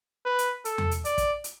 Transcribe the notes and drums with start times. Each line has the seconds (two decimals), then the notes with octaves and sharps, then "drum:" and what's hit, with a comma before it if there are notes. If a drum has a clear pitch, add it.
0.26 B4
0.39 drum: hi-hat
0.65 A4, drum: hi-hat
0.78 drum: tom E2
0.91 drum: hi-hat
1.05 D5, drum: hi-hat
1.18 drum: kick, hi-hat
1.44 drum: hi-hat